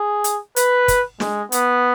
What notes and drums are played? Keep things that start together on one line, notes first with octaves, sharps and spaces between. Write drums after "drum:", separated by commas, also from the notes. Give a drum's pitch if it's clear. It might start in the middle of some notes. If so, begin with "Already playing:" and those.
Already playing: G#4
drum: hi-hat
B4, drum: hi-hat
drum: kick, hi-hat
G#3, drum: snare
B3, drum: hi-hat